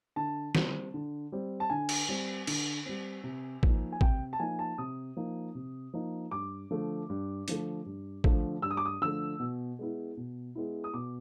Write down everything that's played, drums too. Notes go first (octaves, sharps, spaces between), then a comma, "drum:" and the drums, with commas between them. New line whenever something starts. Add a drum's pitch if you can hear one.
D3 A5
G3 C4, drum: snare
D3
G3 C4
A5
D3 G#5
drum: cymbal
G3 C4
D3, drum: cymbal
G3 C4
C3
F3 A#3 D#4, drum: kick
G#5
C3 G5, drum: kick
A5
F3 A#3 D#4 G#5
A5
C3 D#6
F3 A#3 D#4
C3
F3 A#3 D#4
G2 D6
D3 F3 A3
G2
D3 F3 A3, drum: hi-hat
G2
D3 F3 A3, drum: kick
G2 E6
D#6
D6
D#6
D3 F3 A3 E6
B2
G#3 B3 E4
B2
G#3 B3 E4
D#6
B2 D6